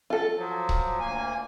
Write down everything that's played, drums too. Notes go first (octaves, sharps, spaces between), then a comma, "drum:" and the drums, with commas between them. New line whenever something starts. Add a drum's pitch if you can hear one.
F4 A4
F3 F#3
drum: kick C#1
D2 A#3 G#5